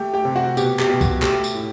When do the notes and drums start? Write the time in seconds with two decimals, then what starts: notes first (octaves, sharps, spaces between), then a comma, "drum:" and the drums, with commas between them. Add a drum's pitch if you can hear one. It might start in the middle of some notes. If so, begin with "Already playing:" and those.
Already playing: A3 G4 G5
0.14 G4 G5
0.25 C3
0.36 F#4 F#5
0.57 B2 G4, drum: tambourine
0.79 G4, drum: clap
0.89 B2
1.01 F#4, drum: kick B1, tambourine
1.22 A3 G4, drum: clap
1.44 drum: tambourine
1.55 A2